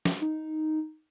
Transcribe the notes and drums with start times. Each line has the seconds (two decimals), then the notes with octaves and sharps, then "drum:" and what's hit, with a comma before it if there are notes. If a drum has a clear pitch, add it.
0.05 drum: snare
0.21 D#4